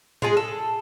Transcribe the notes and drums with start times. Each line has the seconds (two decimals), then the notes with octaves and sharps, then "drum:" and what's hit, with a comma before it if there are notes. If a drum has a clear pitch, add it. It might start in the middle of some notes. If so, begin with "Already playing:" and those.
0.22 G#3 F4 G#4, drum: tom
0.37 A4